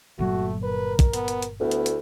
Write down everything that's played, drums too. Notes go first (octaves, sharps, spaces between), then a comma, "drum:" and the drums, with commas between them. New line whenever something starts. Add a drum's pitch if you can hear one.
G1 A#2 F#3 A3 F#4
A#4 B4
drum: kick, hi-hat
B3, drum: hi-hat
drum: hi-hat
drum: hi-hat
D2 B3 E4
drum: hi-hat
drum: hi-hat